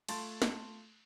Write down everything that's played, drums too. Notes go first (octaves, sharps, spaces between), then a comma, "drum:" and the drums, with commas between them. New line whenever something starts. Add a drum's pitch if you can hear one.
A3 F4 A5 C6 A6, drum: cymbal
drum: snare